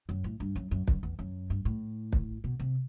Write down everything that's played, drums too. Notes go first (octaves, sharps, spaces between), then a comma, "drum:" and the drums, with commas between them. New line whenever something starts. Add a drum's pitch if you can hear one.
F#2
A2
G2
F#2
F#2
F#2, drum: kick
E2
F#2
G2
A2
drum: kick
B2
C3